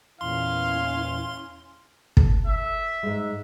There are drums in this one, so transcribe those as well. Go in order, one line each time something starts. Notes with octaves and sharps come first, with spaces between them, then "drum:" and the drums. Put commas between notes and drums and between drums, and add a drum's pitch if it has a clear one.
E2 A#2 C#4 E4 F5 C6
A4, drum: kick
E5
G#2 G#3